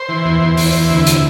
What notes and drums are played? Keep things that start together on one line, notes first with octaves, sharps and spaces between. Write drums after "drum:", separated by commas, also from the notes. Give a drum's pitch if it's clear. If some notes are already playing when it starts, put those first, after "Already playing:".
Already playing: C5
E3
E2
E2
E3, drum: open hi-hat
E2
D2 E4
C3, drum: hi-hat